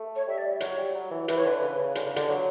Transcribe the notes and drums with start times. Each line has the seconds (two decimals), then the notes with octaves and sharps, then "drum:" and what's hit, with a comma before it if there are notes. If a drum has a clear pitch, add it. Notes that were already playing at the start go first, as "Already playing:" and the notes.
Already playing: A3
0.16 C#5
0.27 G3 E5
0.38 D5
0.60 F#3 C#5, drum: hi-hat
0.78 G3
0.95 F#3
1.11 E3
1.28 E3 B4, drum: hi-hat
1.38 C#5
1.45 D3 B4
1.62 C#3
1.78 C#3
1.95 D3, drum: hi-hat
2.06 C#3
2.16 D3, drum: hi-hat
2.30 F#3